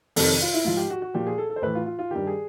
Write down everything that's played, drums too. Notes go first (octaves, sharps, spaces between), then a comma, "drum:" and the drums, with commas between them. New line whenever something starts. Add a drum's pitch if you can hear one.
F2 C3 D#3 A4, drum: open hi-hat
F4
E4
G#2 F3 F4
G4
F#4
F#4
A#2 F3 G4
G#4
A4
A4
C5
A2 E3 B4
F4
F4
F4
G2 D#3 G4
G#4